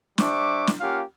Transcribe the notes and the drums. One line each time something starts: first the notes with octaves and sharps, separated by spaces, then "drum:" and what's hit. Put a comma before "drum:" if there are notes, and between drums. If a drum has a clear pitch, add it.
G3 D4 C5 E5 C#6 D6, drum: snare
drum: snare
A#3 C#4 F4 G4 F5 F#5